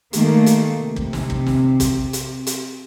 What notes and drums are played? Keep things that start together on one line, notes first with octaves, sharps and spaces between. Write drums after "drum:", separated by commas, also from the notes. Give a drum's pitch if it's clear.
D#3 A3 A#3, drum: hi-hat
drum: hi-hat
C3
drum: kick
drum: snare
drum: kick
drum: snare
drum: kick, hi-hat
drum: hi-hat
drum: hi-hat